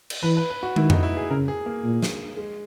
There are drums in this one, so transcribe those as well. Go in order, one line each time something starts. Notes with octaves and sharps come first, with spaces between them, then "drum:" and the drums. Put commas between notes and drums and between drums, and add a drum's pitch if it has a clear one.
drum: cymbal
E3 B4
B4
B4
F#4
D#3 E4, drum: tom
D#4, drum: tom F2
E4
G#4
C#3 A#4
G#4
A#3
A#2
drum: snare
G#3